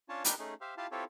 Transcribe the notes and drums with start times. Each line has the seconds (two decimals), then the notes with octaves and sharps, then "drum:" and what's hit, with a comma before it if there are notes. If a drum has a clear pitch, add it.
0.09 C#4 D4 F4 C#5 A5
0.24 D4 D#4 G4 A#4 B4 G5, drum: hi-hat
0.39 A3 C#4 D#4 G#4
0.61 G4 C5 E5 F5
0.77 E4 F4 G4 F5 A5
0.92 C4 E4 F4 G4 A4 C#5